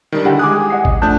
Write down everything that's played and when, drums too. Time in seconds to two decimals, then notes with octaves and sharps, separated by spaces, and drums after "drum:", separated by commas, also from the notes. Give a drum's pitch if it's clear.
0.12 D#3 G3 D4
0.25 D3 E4 G4 F#5 G5
0.39 G#3 G#5 D6 D#6 F#6
0.70 D#5 F#5 C7
0.85 drum: kick G#1
1.02 F3 A3 D4 A5 F#6 G6